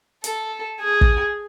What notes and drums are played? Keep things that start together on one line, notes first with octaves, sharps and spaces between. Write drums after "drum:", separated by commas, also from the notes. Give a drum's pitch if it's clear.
A4, drum: hi-hat
G#4
drum: kick